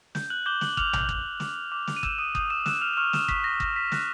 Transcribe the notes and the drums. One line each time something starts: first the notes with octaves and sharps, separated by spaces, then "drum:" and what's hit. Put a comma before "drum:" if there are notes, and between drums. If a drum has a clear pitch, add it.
G6, drum: snare
F#6 F#7
D6 G6 G7
F#6 F#7, drum: snare
D6 F6 F7, drum: kick
drum: tom A#1
G6, drum: kick
D6, drum: snare
D6
drum: snare
D#7
E6 G6 E7, drum: kick
D#6 D#7
D#6 G6 D#7, drum: kick
E6 E7
E6 F#6 E7, drum: snare
F6 F7
E7
C#6 F6 F7
E6 E7, drum: snare
C#6 B6, drum: kick
A#6
F#6 A#6, drum: kick
B6
F#6 A#6, drum: snare